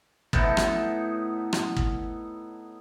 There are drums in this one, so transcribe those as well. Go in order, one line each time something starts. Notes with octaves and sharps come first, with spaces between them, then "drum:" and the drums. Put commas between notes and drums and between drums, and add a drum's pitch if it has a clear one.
A2 B3 D#4 A5, drum: kick
drum: rim click
drum: rim click
drum: kick